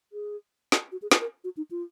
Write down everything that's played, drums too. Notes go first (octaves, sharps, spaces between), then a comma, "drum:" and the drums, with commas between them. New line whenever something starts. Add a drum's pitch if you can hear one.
G#4
drum: snare
F#4
G#4
B4, drum: snare
A#4
F#4
D#4
F4